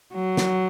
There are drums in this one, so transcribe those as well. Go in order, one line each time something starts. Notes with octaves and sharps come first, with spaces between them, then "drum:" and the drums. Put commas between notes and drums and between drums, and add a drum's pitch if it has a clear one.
F#3
drum: snare